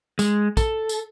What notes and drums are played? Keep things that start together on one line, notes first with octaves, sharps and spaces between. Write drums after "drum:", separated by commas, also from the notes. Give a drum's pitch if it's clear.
G#3, drum: tambourine
A4, drum: kick, tambourine
drum: tambourine